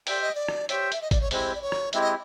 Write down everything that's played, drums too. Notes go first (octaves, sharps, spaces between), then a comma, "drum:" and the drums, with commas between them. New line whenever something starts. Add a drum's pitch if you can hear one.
G4 C5 D5 E5 G5, drum: open hi-hat
D#5
D5
drum: rim click
G4 C5 C#5 E5 G5, drum: hi-hat
E5, drum: hi-hat
D#5
D5, drum: kick, hi-hat
C#5
G#3 C4 E4 G4 C5, drum: open hi-hat
D5
C#5
drum: rim click
G#3 C4 E4 G4 E5, drum: hi-hat
D#5